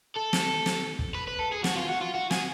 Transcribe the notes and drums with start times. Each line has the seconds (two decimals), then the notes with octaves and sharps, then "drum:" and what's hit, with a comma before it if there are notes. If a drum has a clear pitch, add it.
0.16 A4
0.33 drum: snare
0.66 drum: snare
0.99 drum: kick
1.15 B4
1.28 B4
1.39 A4
1.53 G#4
1.64 F#4, drum: snare
1.76 F4
1.89 F#4
2.01 F4
2.15 F#4
2.31 G#4, drum: snare